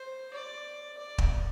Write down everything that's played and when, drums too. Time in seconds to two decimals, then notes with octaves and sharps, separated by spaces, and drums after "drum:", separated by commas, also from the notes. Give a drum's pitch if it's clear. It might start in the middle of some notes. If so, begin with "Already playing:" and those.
Already playing: C5
0.33 D5
0.97 D5
1.18 drum: kick